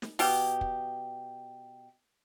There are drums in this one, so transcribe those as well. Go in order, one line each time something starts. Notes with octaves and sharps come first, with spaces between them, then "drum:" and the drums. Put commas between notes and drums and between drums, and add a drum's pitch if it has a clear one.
drum: snare
B2 G4, drum: open hi-hat
drum: kick